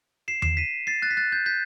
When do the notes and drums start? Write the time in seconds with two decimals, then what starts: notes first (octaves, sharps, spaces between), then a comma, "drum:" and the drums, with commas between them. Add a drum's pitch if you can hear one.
0.28 C7 E7
0.42 C7 E7, drum: tom E2
0.57 B6 D#7
0.87 A6 C7
1.02 F#6 A6
1.11 B6
1.17 F#6 A6
1.32 G6
1.46 G6 B6